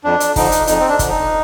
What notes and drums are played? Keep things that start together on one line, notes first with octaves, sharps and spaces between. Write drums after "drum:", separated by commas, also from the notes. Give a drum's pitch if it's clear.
F2 D4
drum: hi-hat
D3 F3 D#4, drum: kick, open hi-hat
drum: hi-hat
F2 D#4, drum: hi-hat
C4
D4
D3 F3, drum: kick, hi-hat
D#4